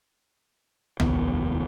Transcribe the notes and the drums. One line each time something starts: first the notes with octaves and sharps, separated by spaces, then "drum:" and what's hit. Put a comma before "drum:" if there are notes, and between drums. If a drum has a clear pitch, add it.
F1 D#2 B3, drum: tom B1